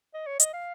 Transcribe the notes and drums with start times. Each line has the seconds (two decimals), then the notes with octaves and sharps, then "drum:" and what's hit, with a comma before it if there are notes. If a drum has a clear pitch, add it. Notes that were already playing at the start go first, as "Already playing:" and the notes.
0.14 D#5
0.27 C#5
0.40 D#5, drum: hi-hat
0.53 F5